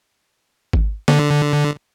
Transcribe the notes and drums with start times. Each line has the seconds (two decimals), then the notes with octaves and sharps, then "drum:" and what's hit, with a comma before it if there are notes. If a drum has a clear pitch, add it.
0.73 drum: kick G#1
1.08 D3, drum: snare